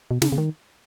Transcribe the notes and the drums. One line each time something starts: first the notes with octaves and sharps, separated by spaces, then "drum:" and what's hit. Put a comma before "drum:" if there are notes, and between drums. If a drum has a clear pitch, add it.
B2
C#3, drum: snare
C#3
D#3